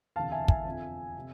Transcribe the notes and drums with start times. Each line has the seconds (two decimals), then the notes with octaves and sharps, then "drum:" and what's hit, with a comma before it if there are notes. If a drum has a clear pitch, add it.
0.16 E1 D2 C3 E3 F5 A5
0.32 E5 G#5
0.44 A5
0.48 E5 G#5, drum: kick
0.65 F2 D3 F3
1.18 C3